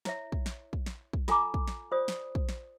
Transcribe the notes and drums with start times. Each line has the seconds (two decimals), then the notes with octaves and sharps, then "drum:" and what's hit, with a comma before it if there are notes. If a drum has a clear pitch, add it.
0.05 E4 C#5 E5, drum: snare
0.32 drum: kick
0.46 drum: snare
0.73 drum: kick
0.86 drum: snare
1.13 drum: kick
1.28 F4 A4 G#5 A#5 D6, drum: snare
1.54 drum: kick
1.68 drum: snare
1.91 F4 C5 D5 D#6
2.08 drum: snare
2.35 drum: kick
2.49 drum: snare